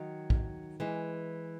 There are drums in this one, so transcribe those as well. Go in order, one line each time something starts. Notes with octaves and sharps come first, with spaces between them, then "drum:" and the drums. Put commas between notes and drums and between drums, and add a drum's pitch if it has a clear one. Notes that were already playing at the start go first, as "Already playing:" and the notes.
Already playing: D#3 F#3
drum: kick
E3 G#3